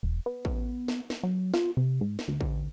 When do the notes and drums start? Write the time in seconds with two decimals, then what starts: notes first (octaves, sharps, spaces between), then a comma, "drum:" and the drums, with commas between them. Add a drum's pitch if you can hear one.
0.03 E1
0.26 B3
0.45 drum: kick A1
0.88 drum: snare
1.10 drum: snare
1.23 F#3
1.54 F4, drum: snare
1.77 C3
2.01 G#2
2.19 drum: snare
2.28 D2
2.41 drum: kick A1